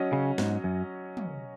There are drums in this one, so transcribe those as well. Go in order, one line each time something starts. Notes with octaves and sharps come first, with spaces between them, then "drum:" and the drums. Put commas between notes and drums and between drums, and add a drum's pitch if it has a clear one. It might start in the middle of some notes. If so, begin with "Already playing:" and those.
Already playing: F#3 C#4 F#4 D#5
C#3
G#2, drum: snare
F#2
drum: tom